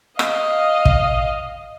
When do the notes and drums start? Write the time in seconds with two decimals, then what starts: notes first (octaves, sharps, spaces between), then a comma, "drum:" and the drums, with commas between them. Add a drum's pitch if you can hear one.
0.19 D#5 F5, drum: rim click
0.85 drum: kick